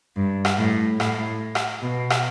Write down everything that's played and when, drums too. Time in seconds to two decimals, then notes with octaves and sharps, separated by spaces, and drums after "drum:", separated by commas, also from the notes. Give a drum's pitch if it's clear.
0.16 G2
0.45 drum: rim click
0.59 A2
1.00 A2, drum: rim click
1.55 drum: rim click
1.82 B2
2.10 drum: rim click